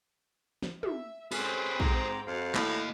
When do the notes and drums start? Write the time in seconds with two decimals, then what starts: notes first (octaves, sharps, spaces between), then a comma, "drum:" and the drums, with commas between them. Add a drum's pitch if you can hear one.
0.63 drum: snare
0.83 E5, drum: tom
1.32 G#3 C4 C#4 G#4 A4 B4 G5 B5, drum: open hi-hat
1.80 G#2 A#5 D6, drum: kick
2.27 F2 F#4 F5
2.55 A2 A#3 D#5, drum: clap